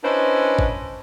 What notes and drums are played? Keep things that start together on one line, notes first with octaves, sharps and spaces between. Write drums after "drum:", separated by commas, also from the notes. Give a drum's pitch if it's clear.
C#4 D4 E4 B4 C5 D#5
drum: kick G#1